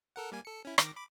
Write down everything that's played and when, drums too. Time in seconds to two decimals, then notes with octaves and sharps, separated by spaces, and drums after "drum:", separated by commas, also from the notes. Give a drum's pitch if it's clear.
0.16 A4 A#4 F#5
0.32 G3 A#3 G#5
0.45 A4 C#7
0.65 C#4 E4
0.78 D#3 D6 A#6, drum: rim click
0.96 B5 D6